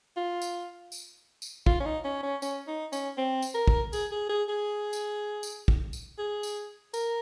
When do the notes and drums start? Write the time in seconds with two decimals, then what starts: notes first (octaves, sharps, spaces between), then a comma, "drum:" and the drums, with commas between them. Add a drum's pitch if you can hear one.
0.17 F4
0.42 drum: tambourine
0.92 drum: tambourine
1.42 drum: tambourine
1.66 F4, drum: kick
1.80 C#4
1.86 D#4
2.05 C#4
2.23 C#4
2.42 C#4, drum: tambourine
2.68 D#4
2.93 C#4, drum: tambourine
3.18 C4
3.42 drum: tambourine
3.55 A#4
3.67 drum: kick
3.93 G#4, drum: tambourine
4.11 G#4
4.30 G#4
4.49 G#4
4.93 drum: tambourine
5.43 drum: tambourine
5.68 drum: kick
5.93 drum: tambourine
6.19 G#4
6.43 drum: tambourine
6.94 A#4, drum: tambourine